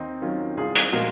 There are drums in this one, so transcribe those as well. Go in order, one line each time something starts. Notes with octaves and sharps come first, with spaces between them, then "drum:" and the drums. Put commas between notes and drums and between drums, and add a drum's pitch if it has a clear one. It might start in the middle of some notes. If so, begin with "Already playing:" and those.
Already playing: D#2 C4 D#4
D#3 F#3 C#4 F4
C2 F4 G#4
drum: hi-hat
A#2 F3 G#3 F#4 A#4